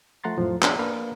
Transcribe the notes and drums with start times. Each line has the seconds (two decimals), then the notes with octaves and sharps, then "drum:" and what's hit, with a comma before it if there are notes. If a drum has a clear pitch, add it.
0.24 F3 A3 F#5 A#5 C6 A6
0.37 F2 A2 F3 F#3
0.62 B3 D4 F#4 G#4, drum: clap
0.79 A#3 D4 A#4 B4 F5 A#5